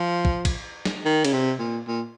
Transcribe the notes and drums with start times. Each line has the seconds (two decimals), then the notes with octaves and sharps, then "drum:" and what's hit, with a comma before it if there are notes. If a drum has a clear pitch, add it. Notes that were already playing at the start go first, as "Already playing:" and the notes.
Already playing: F3
0.25 drum: kick
0.45 drum: kick, cymbal
0.85 drum: snare
1.05 D#3
1.25 C#3, drum: cymbal
1.33 C3
1.59 A#2
1.87 A#2